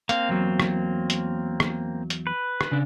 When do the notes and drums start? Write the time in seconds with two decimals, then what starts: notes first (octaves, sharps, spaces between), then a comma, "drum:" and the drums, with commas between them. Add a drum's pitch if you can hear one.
0.09 A#3 C4 F5, drum: hi-hat
0.29 E2 F#3
0.60 drum: rim click
1.10 drum: hi-hat
1.60 drum: rim click
2.10 drum: hi-hat
2.27 B4
2.61 drum: rim click
2.72 C#3 D4